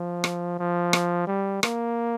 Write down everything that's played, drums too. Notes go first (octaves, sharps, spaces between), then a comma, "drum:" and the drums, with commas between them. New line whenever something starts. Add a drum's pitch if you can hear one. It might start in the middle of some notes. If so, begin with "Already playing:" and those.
Already playing: F3
drum: rim click
F3
drum: rim click
G3
A#3, drum: rim click